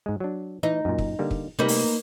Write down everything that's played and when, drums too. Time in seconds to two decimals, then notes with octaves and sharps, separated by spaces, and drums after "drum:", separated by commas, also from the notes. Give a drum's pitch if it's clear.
0.06 G#2 G#3
0.20 F#3 D4
0.63 E3 D#4
0.85 F#2 A#2
0.98 drum: kick
1.19 D3 G3 A#3
1.31 drum: kick
1.59 C3 G3 A#3 D#4 B4
1.68 drum: open hi-hat